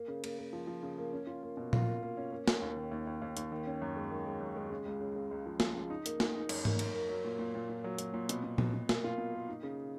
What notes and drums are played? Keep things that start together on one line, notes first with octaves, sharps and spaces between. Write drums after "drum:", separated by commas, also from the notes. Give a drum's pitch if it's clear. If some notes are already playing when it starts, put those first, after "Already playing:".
Already playing: A#3
C#3
A#3, drum: cymbal
A#3
F3
F3
C#3
A#3
C#4
F4
A#3
B2
F4, drum: tom A#2
A#3
A#3
C#4
A#3
A#3, drum: snare
D#2
D#3
D#2
D#2
D#2
D#2, drum: hi-hat
D#3
C#4
F#2
G#3
D#3
G#3
F#2
G#3
C#3
C#2
C#3
C#3
C#2
F3
F3, drum: snare
C#3
D#4
A#3, drum: hi-hat
D#4, drum: snare
D#4
F#2, drum: cymbal
A#3, drum: tom G#2
F#2, drum: cymbal
A#3
F#3
A#2
A#2
A#2
A#2
F#3
F#3, drum: hi-hat
A#2
B2, drum: hi-hat
B2
B2, drum: tom A#2
B2
A#3, drum: snare
F4
B2
A#3
D#4
C#3